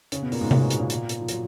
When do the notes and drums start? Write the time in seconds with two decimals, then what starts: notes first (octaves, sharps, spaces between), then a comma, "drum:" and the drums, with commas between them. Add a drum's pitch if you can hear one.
0.12 C#3 C#4, drum: hi-hat
0.22 B2 B3
0.32 A#2 A#3, drum: open hi-hat
0.41 G#2 G#3
0.51 B2 B3, drum: tom C3
0.60 C#3 C#4
0.70 B2 B3, drum: hi-hat
0.80 A#2 A#3
0.90 drum: hi-hat
1.09 drum: hi-hat
1.21 F3
1.28 F#3, drum: hi-hat